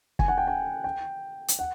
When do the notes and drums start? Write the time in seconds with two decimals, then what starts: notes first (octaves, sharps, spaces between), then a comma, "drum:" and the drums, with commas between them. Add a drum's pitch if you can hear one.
0.19 G#5, drum: kick
0.28 F#5
0.38 G5
0.47 G#5
0.84 G5
1.48 drum: hi-hat
1.59 F#5